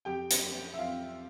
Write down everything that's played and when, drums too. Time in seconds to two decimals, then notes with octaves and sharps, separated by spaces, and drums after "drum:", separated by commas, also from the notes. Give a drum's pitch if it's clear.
0.05 F2 G4 G5
0.31 drum: hi-hat
0.42 F2
0.74 E5
0.78 F2 F4 F5